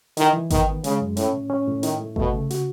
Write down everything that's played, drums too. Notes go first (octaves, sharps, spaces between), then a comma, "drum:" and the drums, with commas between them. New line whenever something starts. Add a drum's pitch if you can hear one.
D#3 E4, drum: hi-hat
E3
D#3 B3, drum: kick G#1, hi-hat
D#3
C#3 G#3, drum: hi-hat
F#2
A2 C#4, drum: hi-hat
A2
C#4
A2
D#3 E4, drum: hi-hat
A3
B2 A3, drum: kick G#1
C#3
F#4, drum: hi-hat